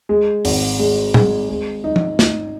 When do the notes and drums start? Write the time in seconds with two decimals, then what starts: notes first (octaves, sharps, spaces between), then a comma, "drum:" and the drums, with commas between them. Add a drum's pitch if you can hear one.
0.09 G#3
0.45 G#1, drum: open hi-hat
0.79 G#3
1.14 G#3, drum: tom A2
1.49 G#3
1.84 D#4
1.96 drum: tom F3
2.19 D#4, drum: snare